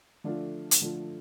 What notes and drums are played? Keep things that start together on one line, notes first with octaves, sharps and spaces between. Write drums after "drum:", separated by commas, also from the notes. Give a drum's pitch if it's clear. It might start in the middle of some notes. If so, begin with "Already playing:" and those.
D3 F3 A3 D4 F4
drum: hi-hat
D3 F3 A3 D4 F4